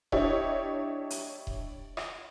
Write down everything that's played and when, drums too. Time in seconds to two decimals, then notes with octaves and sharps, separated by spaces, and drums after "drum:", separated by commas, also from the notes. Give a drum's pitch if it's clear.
0.12 D4 E4 G4 C#5 D#5, drum: kick D#1
1.10 drum: hi-hat
1.47 drum: kick D#1
1.97 drum: rim click